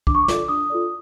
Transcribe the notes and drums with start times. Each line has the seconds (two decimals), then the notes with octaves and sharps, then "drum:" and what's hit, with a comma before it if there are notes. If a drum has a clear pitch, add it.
0.07 D4 D6, drum: kick
0.15 C#6
0.23 D6
0.28 F4 A4 D5, drum: snare
0.48 D4 D#6
0.70 F4 A4 D5